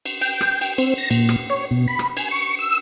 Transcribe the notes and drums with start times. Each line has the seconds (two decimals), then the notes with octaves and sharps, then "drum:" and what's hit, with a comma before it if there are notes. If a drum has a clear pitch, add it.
0.05 drum: cymbal
0.21 G5, drum: cymbal
0.41 drum: rim click
0.61 G5, drum: cymbal
0.78 C4, drum: cymbal
0.98 A#6
1.10 A#2, drum: cymbal
1.29 drum: rim click
1.50 C#5
1.71 B2
1.88 B5
1.99 drum: rim click
2.17 G#5, drum: cymbal
2.31 C#6
2.59 E6